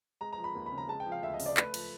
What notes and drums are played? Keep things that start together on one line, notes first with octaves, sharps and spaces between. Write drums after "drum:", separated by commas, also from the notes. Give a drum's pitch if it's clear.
G#3 A#5
A#5
F3
B5
D#2
B5
C#3
A#5
G#3 A5
G5
F3
F5
D2 E5
D#5
C#3, drum: open hi-hat
D5
A3 B4, drum: clap
F3, drum: cymbal